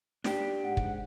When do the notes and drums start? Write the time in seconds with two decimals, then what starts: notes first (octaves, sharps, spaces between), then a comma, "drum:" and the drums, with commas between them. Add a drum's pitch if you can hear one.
0.24 D4 G4, drum: snare
0.64 G#2 F#5
0.77 drum: kick